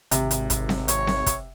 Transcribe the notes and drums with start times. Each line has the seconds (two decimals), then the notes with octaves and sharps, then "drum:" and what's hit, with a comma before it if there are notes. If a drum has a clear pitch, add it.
0.11 G#1 C3, drum: hi-hat
0.31 drum: hi-hat
0.50 drum: kick, hi-hat
0.69 drum: snare C4
0.88 C#5, drum: hi-hat
1.07 drum: snare C4
1.26 drum: kick, hi-hat